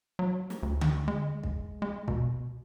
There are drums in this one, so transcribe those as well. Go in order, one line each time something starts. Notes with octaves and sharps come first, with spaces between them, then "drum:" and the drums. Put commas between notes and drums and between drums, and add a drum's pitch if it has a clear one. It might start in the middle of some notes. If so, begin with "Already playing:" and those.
F#3
drum: snare
D2
drum: tom D3
G#3
drum: kick
G#3
B2, drum: kick